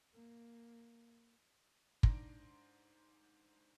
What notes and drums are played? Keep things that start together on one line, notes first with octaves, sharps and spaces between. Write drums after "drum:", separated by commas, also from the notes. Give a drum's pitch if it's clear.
A#3
G#2 D4 A#5 C6 A#6 D7, drum: kick